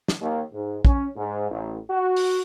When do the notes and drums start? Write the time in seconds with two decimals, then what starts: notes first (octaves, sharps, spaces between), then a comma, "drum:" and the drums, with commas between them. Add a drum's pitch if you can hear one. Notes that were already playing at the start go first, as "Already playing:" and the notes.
0.08 drum: snare
0.20 D#2
0.53 G#2
0.85 C#4, drum: kick
1.16 G#2
1.50 A1
1.90 F#4
2.16 drum: open hi-hat